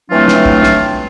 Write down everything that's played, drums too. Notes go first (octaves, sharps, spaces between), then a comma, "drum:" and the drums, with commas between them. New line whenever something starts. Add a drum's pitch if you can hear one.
E3 F#3 A3 C4 D4 F4
drum: snare
drum: kick
drum: snare